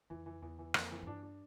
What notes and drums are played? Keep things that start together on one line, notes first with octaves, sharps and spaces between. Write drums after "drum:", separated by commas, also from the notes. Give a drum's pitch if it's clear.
F2 E3
E3
E2 E3
E3
F2 A#3, drum: rim click
E3
A2
G2 D4
D4